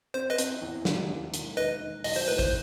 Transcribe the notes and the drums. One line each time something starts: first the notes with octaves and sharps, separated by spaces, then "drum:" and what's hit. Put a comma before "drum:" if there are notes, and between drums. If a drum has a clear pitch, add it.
C4 C5
B4 D#5
C4, drum: hi-hat
E2
G3, drum: snare
D#2
E1, drum: hi-hat
D#3 B4 D#5
D#3
B1 D#5, drum: open hi-hat
C5
A2 B4
C5, drum: kick